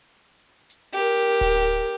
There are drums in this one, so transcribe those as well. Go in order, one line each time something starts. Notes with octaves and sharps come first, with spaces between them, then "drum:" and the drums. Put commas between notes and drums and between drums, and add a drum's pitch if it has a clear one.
drum: hi-hat
G4 A#4, drum: hi-hat
drum: hi-hat
drum: kick D1, hi-hat
drum: hi-hat